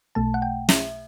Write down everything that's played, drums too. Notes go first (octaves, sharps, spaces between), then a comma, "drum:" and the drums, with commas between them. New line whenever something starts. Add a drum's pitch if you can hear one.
B1 B2 A3 A5
F#5
G5
E5, drum: snare